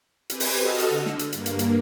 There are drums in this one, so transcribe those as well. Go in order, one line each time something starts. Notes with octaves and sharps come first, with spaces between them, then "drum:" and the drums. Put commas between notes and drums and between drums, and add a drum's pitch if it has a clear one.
C4 G4 B4 G#5, drum: hi-hat
drum: open hi-hat
F#4 A4 D#5 E6 F6
drum: hi-hat
D3
drum: snare
drum: hi-hat
G2 A#3, drum: hi-hat
drum: hi-hat
drum: hi-hat